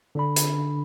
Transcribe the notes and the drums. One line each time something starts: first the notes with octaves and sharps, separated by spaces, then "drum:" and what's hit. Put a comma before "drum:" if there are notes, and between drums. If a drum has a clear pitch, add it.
D3 D4 B5
drum: hi-hat